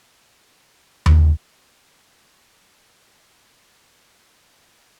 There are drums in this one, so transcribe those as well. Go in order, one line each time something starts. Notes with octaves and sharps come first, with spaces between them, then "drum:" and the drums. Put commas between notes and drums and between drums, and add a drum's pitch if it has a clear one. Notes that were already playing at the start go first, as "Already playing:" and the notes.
F4
drum: tom D#2
G#4
D4
C#5
A#3
G#4
C5
C4
C5
A3